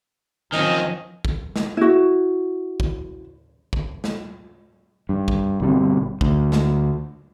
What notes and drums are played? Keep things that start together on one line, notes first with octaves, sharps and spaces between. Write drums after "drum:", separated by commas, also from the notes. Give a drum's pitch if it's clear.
D#3 F3 C4 C#4 D#5
drum: kick
drum: snare
E4 F#4
drum: kick
drum: kick
drum: snare
G2
drum: kick
G1 B2 G3 C4
D2, drum: kick
drum: snare